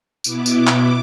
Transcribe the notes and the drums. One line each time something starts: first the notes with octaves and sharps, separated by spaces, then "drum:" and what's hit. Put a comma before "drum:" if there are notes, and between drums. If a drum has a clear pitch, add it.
B2 B3 E4 D6, drum: tambourine
drum: tambourine
D6
drum: clap